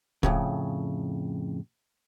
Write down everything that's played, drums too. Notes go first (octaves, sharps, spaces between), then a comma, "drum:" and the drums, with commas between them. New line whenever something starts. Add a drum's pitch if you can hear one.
F2 A2 C#3, drum: kick